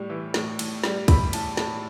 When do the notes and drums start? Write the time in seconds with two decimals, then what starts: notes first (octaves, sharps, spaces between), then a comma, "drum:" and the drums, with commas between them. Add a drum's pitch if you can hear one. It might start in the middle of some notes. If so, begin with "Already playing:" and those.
Already playing: A2 G3
0.10 E3
0.34 A2, drum: snare
0.59 A2, drum: cymbal
0.84 G3, drum: snare
1.08 E3 B5, drum: kick, cymbal
1.33 A2 A5, drum: cymbal
1.57 A2 A5, drum: snare